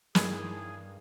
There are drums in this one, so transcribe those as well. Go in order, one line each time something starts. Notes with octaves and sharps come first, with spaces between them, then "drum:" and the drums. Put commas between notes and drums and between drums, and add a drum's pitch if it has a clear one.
G2 G#3 A#3 D#4 E4 G#4 C#5, drum: snare